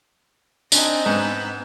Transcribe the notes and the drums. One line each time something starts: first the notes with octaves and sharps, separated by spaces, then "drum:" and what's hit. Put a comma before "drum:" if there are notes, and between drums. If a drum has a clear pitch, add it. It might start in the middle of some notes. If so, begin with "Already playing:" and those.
C4 D4 D#4 D#5 G#5, drum: tambourine
G#2 B3 B4 E6